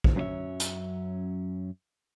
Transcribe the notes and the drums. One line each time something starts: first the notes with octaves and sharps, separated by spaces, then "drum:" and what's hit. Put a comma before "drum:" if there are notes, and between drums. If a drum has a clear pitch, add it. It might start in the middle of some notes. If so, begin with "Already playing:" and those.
drum: kick
F#2 F#3 C#4 D#4 C#5 E5
drum: hi-hat